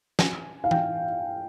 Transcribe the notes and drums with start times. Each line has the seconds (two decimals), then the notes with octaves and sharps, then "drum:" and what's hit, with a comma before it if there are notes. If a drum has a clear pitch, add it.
0.19 G#5, drum: snare
0.64 F5
0.71 G5, drum: tom E3